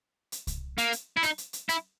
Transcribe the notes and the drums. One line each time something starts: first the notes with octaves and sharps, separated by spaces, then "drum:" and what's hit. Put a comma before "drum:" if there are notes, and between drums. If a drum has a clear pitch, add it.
drum: hi-hat
drum: kick C2, hi-hat
A#3, drum: hi-hat
drum: hi-hat
E4
D#4, drum: hi-hat
drum: hi-hat
drum: hi-hat
E4, drum: hi-hat